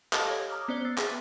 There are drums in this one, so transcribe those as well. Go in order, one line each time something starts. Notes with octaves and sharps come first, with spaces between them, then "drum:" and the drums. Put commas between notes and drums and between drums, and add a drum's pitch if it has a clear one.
G4 A4 D#5 F5 A5, drum: clap
C#5 G#6 A#6
A#5 D6 D#6 F6
B3 C#4 C5 D5 F#6 G7
E6 A6 C7
B3 G#4 B4 E5 A#5, drum: clap